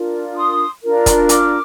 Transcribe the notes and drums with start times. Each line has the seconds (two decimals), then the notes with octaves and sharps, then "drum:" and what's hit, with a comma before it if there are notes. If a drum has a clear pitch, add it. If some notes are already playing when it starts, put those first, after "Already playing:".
Already playing: D4 F4 A#4
0.36 C6 D#6
0.83 D4 F4 A#4
1.06 drum: kick, hi-hat
1.29 D6 F6, drum: hi-hat